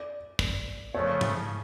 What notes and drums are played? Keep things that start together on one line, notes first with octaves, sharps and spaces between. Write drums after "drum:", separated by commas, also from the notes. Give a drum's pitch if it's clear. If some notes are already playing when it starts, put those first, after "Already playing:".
Already playing: D5
drum: kick
C#3 F3 A3 C#5
drum: tom G#2